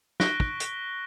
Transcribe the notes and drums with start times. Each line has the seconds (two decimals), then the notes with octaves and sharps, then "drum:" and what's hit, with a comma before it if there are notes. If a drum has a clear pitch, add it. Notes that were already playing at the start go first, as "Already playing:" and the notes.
0.20 C#6 F#6 A#6 B6 D7 G7, drum: snare
0.40 drum: kick
0.60 drum: hi-hat